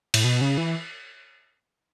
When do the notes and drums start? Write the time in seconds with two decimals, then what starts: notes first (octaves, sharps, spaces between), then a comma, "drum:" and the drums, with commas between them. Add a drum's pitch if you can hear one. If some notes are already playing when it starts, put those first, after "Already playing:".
0.14 A2, drum: cymbal
0.24 B2
0.41 C#3
0.58 E3